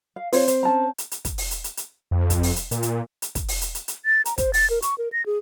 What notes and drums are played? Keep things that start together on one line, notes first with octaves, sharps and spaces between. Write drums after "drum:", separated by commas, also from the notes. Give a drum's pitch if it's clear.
F5
C4 F4 C#5, drum: open hi-hat
C5, drum: hi-hat
C#4 A5 A#5
drum: hi-hat
drum: hi-hat
drum: kick, hi-hat
drum: open hi-hat
drum: hi-hat
drum: hi-hat
drum: hi-hat
F2
drum: kick, hi-hat
drum: open hi-hat
drum: hi-hat
A#2, drum: hi-hat
drum: hi-hat
drum: hi-hat
drum: kick, hi-hat
drum: open hi-hat
drum: hi-hat
drum: hi-hat
drum: hi-hat
A6
A#5, drum: hi-hat
C5, drum: kick, hi-hat
A6, drum: open hi-hat
A#4
C#6, drum: hi-hat
A#4
A#6
G#4